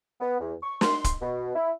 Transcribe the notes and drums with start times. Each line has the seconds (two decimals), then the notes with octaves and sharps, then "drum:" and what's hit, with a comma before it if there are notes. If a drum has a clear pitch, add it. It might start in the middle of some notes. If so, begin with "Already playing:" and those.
0.20 B3
0.40 E2
0.62 C#6
0.81 C6, drum: snare
1.04 drum: kick, hi-hat
1.21 B2
1.56 E4